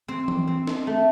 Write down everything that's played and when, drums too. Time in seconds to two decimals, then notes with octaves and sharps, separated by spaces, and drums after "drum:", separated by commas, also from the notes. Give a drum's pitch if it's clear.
0.08 C4
0.28 drum: tom E3
0.47 C4
0.67 drum: snare
0.87 A3